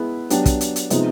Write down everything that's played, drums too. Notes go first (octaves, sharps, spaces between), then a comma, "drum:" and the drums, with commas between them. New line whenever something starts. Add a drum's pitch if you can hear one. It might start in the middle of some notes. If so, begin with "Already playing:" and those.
Already playing: G#3 B3 E4 G#4 B4
F#3 B3 D4 G4, drum: hi-hat
drum: kick, hi-hat
drum: hi-hat
drum: hi-hat
C3 F3 G#3 B3 D#4, drum: hi-hat